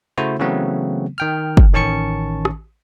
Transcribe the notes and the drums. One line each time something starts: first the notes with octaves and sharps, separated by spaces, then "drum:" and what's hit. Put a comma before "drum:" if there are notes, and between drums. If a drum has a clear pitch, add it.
C#3 A3 E4 F#4 C5
C#3 E3 F#3 A3 B3 C4
D#3 G5 F6
drum: kick
A1 D#3 C#4 A5 C#6 C#7
drum: rim click